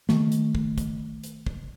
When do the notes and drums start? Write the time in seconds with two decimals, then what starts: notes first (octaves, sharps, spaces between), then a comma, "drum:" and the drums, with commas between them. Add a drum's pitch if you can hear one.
0.09 D#3 A3, drum: snare
0.32 drum: hi-hat
0.55 drum: kick
0.78 drum: kick, hi-hat
1.24 drum: hi-hat
1.47 drum: kick